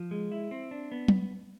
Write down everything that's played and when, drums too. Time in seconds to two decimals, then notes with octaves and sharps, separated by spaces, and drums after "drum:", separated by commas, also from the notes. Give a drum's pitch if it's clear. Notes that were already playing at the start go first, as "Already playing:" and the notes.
Already playing: F3
0.11 G#3
0.32 E4
0.51 C4
0.71 D4
0.92 B3
1.08 drum: tom